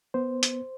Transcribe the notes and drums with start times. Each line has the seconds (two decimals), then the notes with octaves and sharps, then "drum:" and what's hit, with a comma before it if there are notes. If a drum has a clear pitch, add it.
0.14 B3 C5
0.43 drum: hi-hat